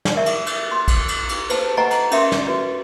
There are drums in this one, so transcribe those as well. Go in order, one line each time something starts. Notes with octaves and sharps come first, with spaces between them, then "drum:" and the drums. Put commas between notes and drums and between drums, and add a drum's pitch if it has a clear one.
drum: snare
A#4 E5 C#6
drum: cymbal
drum: cymbal
C6
drum: kick, cymbal
drum: cymbal
drum: cymbal
B4 C5 A5, drum: cymbal
B4 D#5 F#5 G#5 A#5 C#6
drum: cymbal
C#4 A#4 E5 C6, drum: cymbal
drum: snare
F#4 B4